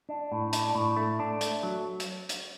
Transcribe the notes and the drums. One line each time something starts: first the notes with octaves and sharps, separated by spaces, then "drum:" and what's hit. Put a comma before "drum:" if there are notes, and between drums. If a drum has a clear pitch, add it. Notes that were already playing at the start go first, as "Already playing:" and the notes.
D4
A2
D4, drum: hi-hat
A2
A3
D4
A3, drum: hi-hat
F#3
drum: hi-hat
drum: hi-hat